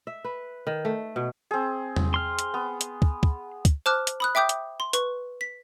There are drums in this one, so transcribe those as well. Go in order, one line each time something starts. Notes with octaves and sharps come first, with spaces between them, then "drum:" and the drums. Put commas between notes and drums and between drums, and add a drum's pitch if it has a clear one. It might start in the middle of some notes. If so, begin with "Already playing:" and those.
E5
B4
D#3
A3
B2
C4 G#4
drum: tom E2
C6 F6
drum: hi-hat
B3
drum: hi-hat
drum: kick
drum: kick
drum: kick, hi-hat
C5 A5 D6 F6 F#6
drum: hi-hat
B5 D#6 F#6
E5 G5 D6 D#6 G6
drum: hi-hat
C6
B4 C#6, drum: hi-hat
B6